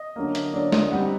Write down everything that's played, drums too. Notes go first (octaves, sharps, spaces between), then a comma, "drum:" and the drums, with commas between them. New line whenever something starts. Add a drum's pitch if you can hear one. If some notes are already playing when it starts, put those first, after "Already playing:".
Already playing: D#5
D3 F#3 A#3
drum: hi-hat
D3 F#3 A#3 D5
D#5, drum: snare
D3 G3 C4 D#4 F#5